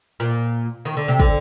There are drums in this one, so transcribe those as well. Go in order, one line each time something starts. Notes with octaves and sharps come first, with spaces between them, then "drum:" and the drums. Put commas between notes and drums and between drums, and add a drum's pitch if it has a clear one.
A#2
D#3
D3
C3
D3, drum: kick